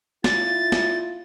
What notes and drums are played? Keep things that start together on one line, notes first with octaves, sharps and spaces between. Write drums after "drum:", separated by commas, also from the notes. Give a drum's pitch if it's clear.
E4 F4 A6, drum: snare
drum: snare